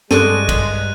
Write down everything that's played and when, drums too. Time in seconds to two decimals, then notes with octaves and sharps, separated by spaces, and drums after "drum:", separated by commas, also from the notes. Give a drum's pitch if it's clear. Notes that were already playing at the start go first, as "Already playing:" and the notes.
0.11 G2 G#3 A4 D5 C#6 F#6 D#7, drum: snare
0.49 drum: kick, cymbal